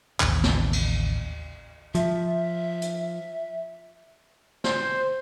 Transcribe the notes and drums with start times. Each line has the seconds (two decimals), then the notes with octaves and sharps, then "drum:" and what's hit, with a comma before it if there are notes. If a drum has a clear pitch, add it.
0.20 A1 D#2 C#3, drum: clap
0.44 drum: snare
0.73 drum: cymbal
1.95 F3 E5, drum: hi-hat
2.82 drum: hi-hat
4.64 C5, drum: snare